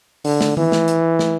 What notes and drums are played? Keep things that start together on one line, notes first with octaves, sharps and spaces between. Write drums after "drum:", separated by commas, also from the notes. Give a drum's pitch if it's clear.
D3, drum: open hi-hat
drum: snare
E3, drum: tom D#3
drum: snare
drum: hi-hat
drum: snare